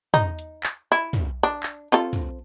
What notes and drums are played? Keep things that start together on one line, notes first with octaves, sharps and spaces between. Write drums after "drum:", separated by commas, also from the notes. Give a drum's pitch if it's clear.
D#4, drum: tom
drum: hi-hat
drum: clap
E4
drum: tom
D4
drum: clap
C4 F4 A4
drum: tom